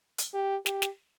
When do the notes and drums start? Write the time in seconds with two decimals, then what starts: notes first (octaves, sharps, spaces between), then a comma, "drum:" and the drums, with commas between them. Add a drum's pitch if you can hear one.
0.18 drum: hi-hat
0.34 G4
0.66 G4, drum: snare
0.82 drum: snare